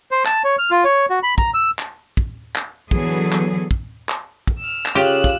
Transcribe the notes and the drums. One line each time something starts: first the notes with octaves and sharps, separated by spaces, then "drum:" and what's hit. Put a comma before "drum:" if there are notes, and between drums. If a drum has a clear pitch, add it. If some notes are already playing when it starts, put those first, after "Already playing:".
C5
A5, drum: clap
C#5
F6
F4
C#5
F#4
B5
A#5, drum: kick
E6
drum: clap
drum: kick
drum: clap
D3 E3 F#3 B3 G#4 A4, drum: kick
drum: clap
drum: kick
drum: clap
drum: kick
E6 F6
drum: clap
C#3 F4 G4 E6 F#6
drum: kick